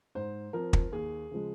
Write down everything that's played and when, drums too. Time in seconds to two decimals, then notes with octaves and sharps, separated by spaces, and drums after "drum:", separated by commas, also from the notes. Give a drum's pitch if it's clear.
0.15 G#2 C5
0.53 F3 C4 A#4
0.73 drum: kick
0.92 D#2 G#4
1.31 C#3 F3 G#3